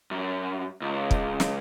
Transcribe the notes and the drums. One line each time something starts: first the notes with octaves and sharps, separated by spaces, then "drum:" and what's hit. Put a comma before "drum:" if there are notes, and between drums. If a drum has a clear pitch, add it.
F#2
C#2
drum: kick
drum: snare